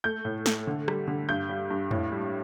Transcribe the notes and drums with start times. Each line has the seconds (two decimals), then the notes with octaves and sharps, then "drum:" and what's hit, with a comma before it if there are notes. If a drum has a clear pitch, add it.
0.04 A3 G6
0.25 A2
0.46 A3, drum: snare
0.67 D3
0.88 G3, drum: rim click
1.08 D3
1.29 G2 G6
1.49 G3
1.71 G2
1.91 A2, drum: tom
2.12 G3